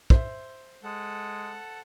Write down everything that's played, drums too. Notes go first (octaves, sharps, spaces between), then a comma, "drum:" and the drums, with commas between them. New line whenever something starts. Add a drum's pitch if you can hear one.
C5 E5, drum: kick
G#3 A4 F#5